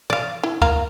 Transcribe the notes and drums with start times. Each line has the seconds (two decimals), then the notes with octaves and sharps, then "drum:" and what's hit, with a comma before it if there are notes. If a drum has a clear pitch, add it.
0.10 D5 F5, drum: tom
0.43 E4
0.62 A#3 F5 A#5, drum: kick D2